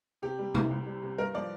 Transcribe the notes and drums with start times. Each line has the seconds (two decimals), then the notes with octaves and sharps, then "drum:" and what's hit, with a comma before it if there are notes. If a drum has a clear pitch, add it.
0.22 C3 G4
0.38 G3
0.55 C2, drum: tom C3
0.71 C2
0.86 G3
1.02 C3
1.18 G2 A#4
1.34 F3 D5